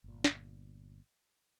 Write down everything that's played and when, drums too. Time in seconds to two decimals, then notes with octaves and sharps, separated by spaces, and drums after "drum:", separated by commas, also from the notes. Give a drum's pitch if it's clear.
0.04 G1 A#2
0.24 drum: snare